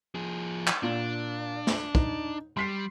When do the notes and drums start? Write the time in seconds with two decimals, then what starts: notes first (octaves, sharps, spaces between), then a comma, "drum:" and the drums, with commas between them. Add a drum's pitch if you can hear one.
0.15 F3 G#4
0.67 drum: clap
0.83 A#2 D4
1.67 drum: snare
1.95 D#4, drum: kick
2.57 G3 C6 B6 C7